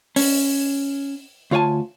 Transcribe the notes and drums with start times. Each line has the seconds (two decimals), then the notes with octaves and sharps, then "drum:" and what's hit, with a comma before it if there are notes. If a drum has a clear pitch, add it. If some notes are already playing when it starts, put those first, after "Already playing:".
0.16 C#4, drum: open hi-hat
1.51 D2 F4 C#5 F5 G#5 A5